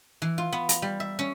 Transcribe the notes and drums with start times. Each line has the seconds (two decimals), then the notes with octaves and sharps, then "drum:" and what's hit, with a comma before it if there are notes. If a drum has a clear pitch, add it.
0.22 E3
0.38 F4
0.52 B3
0.69 A#5, drum: hi-hat
0.82 G3
1.00 E5
1.19 C#4